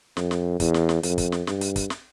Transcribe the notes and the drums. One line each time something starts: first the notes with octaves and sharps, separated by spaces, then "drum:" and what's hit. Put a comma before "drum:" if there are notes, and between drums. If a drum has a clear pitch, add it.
F2, drum: snare
drum: snare
E2, drum: kick, hi-hat
drum: snare
drum: snare
F2, drum: hi-hat
drum: kick, hi-hat
drum: snare
G2, drum: snare
drum: hi-hat
drum: kick, hi-hat
drum: snare